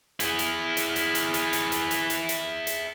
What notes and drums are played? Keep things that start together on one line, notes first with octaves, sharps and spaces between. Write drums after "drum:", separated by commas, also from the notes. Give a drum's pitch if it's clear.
E4 G#4, drum: hi-hat
drum: hi-hat
drum: hi-hat
drum: hi-hat
drum: hi-hat
drum: hi-hat
drum: hi-hat
drum: hi-hat
drum: hi-hat
drum: hi-hat
drum: hi-hat
drum: hi-hat